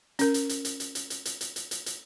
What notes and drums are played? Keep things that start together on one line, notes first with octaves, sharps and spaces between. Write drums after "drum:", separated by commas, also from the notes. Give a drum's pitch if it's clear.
C#4 A#4, drum: hi-hat
drum: hi-hat
drum: hi-hat
drum: hi-hat
drum: hi-hat
drum: hi-hat
drum: hi-hat
drum: hi-hat
drum: hi-hat
drum: hi-hat
drum: hi-hat
drum: hi-hat